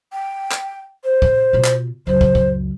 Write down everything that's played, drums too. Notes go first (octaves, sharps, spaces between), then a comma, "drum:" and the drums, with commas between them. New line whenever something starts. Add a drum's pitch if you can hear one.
G5
drum: clap
C5
drum: kick
B2 F4
drum: clap
C#2 F#2 C5
drum: kick
drum: kick